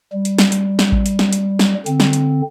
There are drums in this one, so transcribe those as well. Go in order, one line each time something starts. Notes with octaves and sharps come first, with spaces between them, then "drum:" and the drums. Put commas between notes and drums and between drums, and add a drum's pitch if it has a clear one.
G3
drum: hi-hat
drum: snare
drum: hi-hat
drum: snare
drum: kick A1
drum: hi-hat
drum: snare
drum: hi-hat
drum: snare
D3 C4, drum: hi-hat
drum: snare
drum: hi-hat